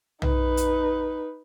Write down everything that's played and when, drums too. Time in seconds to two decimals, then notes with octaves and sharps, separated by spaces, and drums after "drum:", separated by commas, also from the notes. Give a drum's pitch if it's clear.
0.22 D#4 B4, drum: tom
0.57 drum: hi-hat